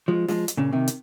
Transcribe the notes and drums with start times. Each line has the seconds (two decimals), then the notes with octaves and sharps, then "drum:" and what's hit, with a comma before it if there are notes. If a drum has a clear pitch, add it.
0.08 F3 G#3
0.28 F3 G#3, drum: snare
0.48 drum: hi-hat
0.57 A#2 C#3
0.73 C3 D#3
0.88 drum: hi-hat